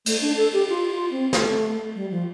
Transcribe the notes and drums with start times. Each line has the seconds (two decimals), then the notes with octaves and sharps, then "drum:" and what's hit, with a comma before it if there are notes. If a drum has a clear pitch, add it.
0.06 A3, drum: cymbal
0.22 D4
0.37 A4
0.53 G4
0.70 F4
0.91 F4
1.11 C4
1.33 A3, drum: snare
1.95 G3
2.11 F3